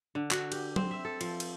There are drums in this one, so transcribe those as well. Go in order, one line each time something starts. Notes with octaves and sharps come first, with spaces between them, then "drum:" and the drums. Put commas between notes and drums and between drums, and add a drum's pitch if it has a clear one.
D3
F#4, drum: clap
G4, drum: cymbal
C4, drum: tom
E5
A4
F3, drum: cymbal
drum: cymbal